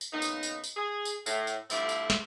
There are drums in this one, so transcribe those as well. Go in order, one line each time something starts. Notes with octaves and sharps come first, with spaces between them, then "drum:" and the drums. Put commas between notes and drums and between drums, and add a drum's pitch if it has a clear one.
drum: tambourine
A#2 C#3 B3 D#4
drum: tambourine
drum: tambourine
drum: tambourine
G#4
drum: tambourine
A2, drum: tambourine
drum: tambourine
D3 F3 G3 A3 C4 E4, drum: tambourine
drum: tambourine
drum: snare